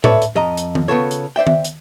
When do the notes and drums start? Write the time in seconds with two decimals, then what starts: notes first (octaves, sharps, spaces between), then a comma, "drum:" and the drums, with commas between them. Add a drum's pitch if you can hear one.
0.04 A4 B4 C#5 D5 E5, drum: tom A2
0.22 drum: hi-hat
0.36 F2 D#5 A#5
0.57 drum: hi-hat
0.75 drum: tom D#3
0.88 C#3 B3 F4 A4 C#5
1.11 drum: hi-hat
1.36 C5 D5 E5 G5
1.47 drum: tom D#3
1.64 drum: hi-hat